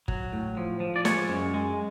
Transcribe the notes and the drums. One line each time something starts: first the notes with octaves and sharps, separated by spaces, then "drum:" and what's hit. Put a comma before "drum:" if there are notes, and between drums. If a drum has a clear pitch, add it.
F#3, drum: kick G1
A2
F3
F3
D5
G#3 C#5, drum: snare
F#2
G#3